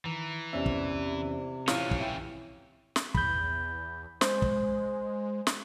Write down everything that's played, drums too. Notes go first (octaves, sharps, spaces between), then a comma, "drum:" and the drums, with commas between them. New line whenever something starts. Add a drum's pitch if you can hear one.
D#3 E3 A#5
E2 C3 B3 C#4 C5 D5 E5
drum: kick
E3 C#4 E4 F4 C#5 F5, drum: snare
drum: kick
E5 G5
drum: snare
E2 B5 G6, drum: kick
G#3 C5, drum: snare
drum: kick
drum: snare